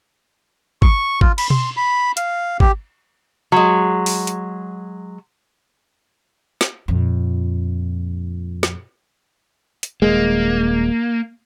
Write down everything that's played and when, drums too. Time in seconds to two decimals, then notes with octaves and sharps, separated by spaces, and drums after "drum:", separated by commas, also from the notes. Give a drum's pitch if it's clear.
0.82 C#6, drum: kick
1.21 F4, drum: kick
1.38 B5, drum: cymbal
1.50 C6, drum: tom B2
1.77 B5
2.17 F5, drum: hi-hat
2.60 G4, drum: kick
3.52 F#3 G#3
4.06 drum: open hi-hat
4.27 drum: hi-hat
6.61 drum: snare
6.88 F2 A#2
8.63 drum: snare
9.83 drum: hi-hat
10.02 D#1 G#3 A#3